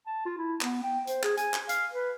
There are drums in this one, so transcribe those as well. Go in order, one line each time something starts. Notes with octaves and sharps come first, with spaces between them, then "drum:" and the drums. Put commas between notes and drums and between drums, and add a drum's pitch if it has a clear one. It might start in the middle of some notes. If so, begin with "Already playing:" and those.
A5
F4
E4
B3, drum: clap
G5
C5, drum: hi-hat
G#4, drum: clap
G#5, drum: hi-hat
drum: clap
F5, drum: hi-hat
B4